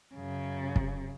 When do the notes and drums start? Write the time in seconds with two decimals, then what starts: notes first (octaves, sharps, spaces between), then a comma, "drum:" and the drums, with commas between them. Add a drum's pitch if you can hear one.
0.16 F#2 C#3
0.76 drum: kick